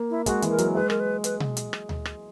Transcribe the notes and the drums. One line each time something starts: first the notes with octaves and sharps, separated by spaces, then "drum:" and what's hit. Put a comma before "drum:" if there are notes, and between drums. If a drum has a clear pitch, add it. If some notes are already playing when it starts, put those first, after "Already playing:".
Already playing: A#3
E4
G#3 F#4, drum: kick, hi-hat
E3, drum: hi-hat
A#4
F#3, drum: hi-hat
G#3 B4
A#4, drum: rim click
B4
B4, drum: hi-hat
drum: tom B2
drum: hi-hat
drum: rim click
drum: tom D2
drum: rim click